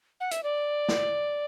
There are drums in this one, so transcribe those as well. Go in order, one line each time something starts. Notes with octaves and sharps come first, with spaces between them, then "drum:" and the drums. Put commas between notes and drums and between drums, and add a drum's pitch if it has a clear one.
F#5
E5, drum: hi-hat
D5
drum: snare